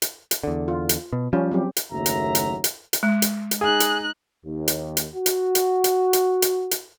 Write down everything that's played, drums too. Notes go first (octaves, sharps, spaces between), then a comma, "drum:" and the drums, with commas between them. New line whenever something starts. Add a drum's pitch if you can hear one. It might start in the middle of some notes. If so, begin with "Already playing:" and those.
drum: hi-hat
drum: hi-hat
E2 D3
F4
drum: hi-hat
B2
F3 G3 C#4
F#3 C4 G4
drum: hi-hat
F#1 D#2 F#3 A3 E5 A#5
drum: hi-hat
drum: hi-hat
drum: hi-hat
drum: hi-hat
G#3
drum: hi-hat
drum: hi-hat
D#4 G#4 F#6
drum: hi-hat
D#2
drum: hi-hat
drum: hi-hat
F#4
drum: hi-hat
drum: hi-hat
drum: hi-hat
drum: hi-hat
drum: hi-hat
drum: hi-hat